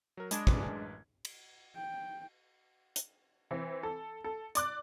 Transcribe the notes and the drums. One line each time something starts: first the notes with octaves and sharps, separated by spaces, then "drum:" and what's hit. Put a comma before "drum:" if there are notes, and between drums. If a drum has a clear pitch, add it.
F#3 A#4
G#3 D4 B5 D#6 G#6, drum: hi-hat
A1 F#2 B4, drum: kick
drum: cymbal
G5
drum: hi-hat
E3 C4
A4
A4
D5 D6 F#6, drum: hi-hat